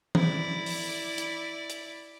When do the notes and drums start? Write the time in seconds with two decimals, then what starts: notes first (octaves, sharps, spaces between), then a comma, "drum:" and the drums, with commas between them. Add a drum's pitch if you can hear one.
0.15 E4 D5, drum: tom E3
0.66 drum: open hi-hat
1.18 drum: hi-hat
1.70 drum: hi-hat